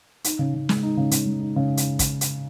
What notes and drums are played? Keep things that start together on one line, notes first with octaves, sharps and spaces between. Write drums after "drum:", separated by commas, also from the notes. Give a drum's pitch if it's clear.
D#4, drum: hi-hat
C#3
C#3
G#3, drum: snare
D#4
C#3
C#3, drum: hi-hat
G#3
D#4
C#3
drum: hi-hat
drum: kick, hi-hat
drum: hi-hat